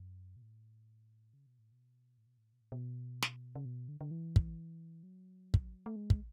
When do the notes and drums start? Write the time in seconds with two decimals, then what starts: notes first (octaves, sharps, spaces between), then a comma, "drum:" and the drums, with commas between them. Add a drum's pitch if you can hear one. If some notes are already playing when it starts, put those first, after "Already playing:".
Already playing: F#2
0.36 B2
0.42 A2
1.34 C#3
1.47 B2
1.59 A2
1.72 B2
2.18 A2
2.26 B2
2.38 A2
2.53 B2
2.61 A2
2.72 B2
3.23 drum: snare
3.55 C#3
3.65 B2
3.88 D3
4.01 D3
4.11 E3
4.36 drum: kick
5.03 F#3
5.54 drum: kick
5.86 A3
5.96 G#3
6.10 drum: kick